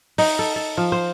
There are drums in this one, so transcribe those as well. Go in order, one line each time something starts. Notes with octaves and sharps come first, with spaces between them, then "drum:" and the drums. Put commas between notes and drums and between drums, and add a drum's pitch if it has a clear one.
D#4, drum: open hi-hat
A4
A4
F3
C5